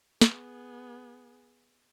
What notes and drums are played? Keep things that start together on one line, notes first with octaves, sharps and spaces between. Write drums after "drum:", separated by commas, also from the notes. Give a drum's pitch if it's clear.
B3 G#4, drum: snare